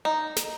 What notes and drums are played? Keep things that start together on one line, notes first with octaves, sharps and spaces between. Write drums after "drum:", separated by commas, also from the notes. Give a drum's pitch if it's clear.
D#4
drum: snare